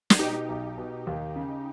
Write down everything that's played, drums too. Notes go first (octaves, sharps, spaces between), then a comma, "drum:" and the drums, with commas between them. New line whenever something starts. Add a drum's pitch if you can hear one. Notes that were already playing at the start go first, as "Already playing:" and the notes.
drum: snare
B2 D#4 G4
B1
B2
D#2
C#3